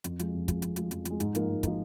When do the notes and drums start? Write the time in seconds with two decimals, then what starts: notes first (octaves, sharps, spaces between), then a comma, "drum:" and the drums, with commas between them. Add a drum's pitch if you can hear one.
0.04 F2, drum: hi-hat
0.19 F3 G#3, drum: hi-hat
0.34 F2
0.48 F3 G#3, drum: kick, hi-hat
0.62 F2, drum: hi-hat
0.76 F3 G#3, drum: hi-hat
0.91 F2, drum: hi-hat
1.05 F3 G#3, drum: hi-hat
1.20 G#2, drum: hi-hat
1.35 F3 A#3 D#4, drum: hi-hat
1.49 G#2
1.63 F3 A#3 D#4, drum: kick, hi-hat